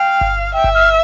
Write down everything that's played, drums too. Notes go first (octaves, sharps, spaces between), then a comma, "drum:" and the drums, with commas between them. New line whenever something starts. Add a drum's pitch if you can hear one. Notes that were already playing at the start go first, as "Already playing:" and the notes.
Already playing: F5 G5
drum: kick G1
E5 G5
drum: kick G1
F6